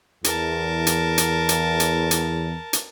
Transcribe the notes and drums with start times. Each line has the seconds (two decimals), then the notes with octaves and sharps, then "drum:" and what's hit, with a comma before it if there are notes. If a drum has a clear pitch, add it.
0.24 E2 A#4 A5, drum: hi-hat
0.87 drum: hi-hat
1.18 drum: hi-hat
1.49 drum: hi-hat
1.80 drum: hi-hat
2.11 drum: hi-hat
2.73 drum: hi-hat